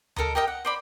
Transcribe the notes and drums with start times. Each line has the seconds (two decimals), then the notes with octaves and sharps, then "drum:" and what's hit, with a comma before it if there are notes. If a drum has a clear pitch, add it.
0.16 A4 A#4 D#5 A#5, drum: tom D2
0.35 G4 A#4 D#5 G5
0.48 F#5
0.65 C5 D5 B5